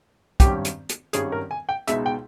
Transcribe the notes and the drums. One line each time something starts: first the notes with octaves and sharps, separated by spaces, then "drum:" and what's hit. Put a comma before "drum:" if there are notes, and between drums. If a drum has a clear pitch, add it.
G#1 G2 D#3 G3 C#4 G4, drum: kick, hi-hat
drum: hi-hat
drum: hi-hat
G#1 G2 D#3 G3 C#4 G#4, drum: hi-hat
A#4
G#5
G5
C#2 B2 G#3 D#4 E5, drum: hi-hat
G5